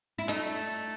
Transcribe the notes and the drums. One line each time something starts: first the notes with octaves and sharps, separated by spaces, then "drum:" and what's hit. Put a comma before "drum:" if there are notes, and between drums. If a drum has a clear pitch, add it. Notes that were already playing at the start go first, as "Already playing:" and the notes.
E4
A3 D#4, drum: hi-hat